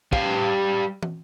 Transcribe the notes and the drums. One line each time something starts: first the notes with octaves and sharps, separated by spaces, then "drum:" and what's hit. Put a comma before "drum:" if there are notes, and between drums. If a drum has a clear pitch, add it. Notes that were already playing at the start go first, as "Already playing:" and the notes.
G3 F5, drum: kick
drum: tom